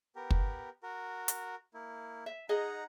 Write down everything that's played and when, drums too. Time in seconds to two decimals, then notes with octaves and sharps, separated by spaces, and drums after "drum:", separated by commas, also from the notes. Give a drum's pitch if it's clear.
0.16 B3 G4 A#4
0.30 drum: kick
0.83 F#4 A#4
1.28 drum: hi-hat
1.74 A#3 E4
2.26 E5
2.49 D#4 G#4 D#5 F#5 A#5